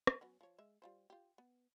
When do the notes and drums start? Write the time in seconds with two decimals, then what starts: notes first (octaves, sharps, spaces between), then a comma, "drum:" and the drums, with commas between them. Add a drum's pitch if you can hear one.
0.07 drum: rim click
0.21 F#3 B3 C#4
0.41 F3 C#5
0.58 G#3 E5
0.82 G3 F4 C5
1.10 F4 G4
1.38 B3